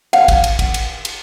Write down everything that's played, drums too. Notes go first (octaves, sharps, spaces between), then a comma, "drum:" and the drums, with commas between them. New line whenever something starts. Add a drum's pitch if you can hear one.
F5 F#5, drum: cymbal
drum: kick, cymbal
drum: cymbal
drum: kick, cymbal
drum: cymbal
drum: cymbal